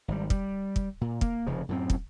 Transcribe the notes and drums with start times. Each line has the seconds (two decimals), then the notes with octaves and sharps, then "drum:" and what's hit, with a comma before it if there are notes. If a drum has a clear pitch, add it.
0.08 G#1 G3
0.30 G3, drum: kick
0.76 drum: kick
1.01 A#2
1.21 A#3, drum: kick
1.47 F1 C#3 F3
1.69 F#2 A2 C4
1.90 drum: kick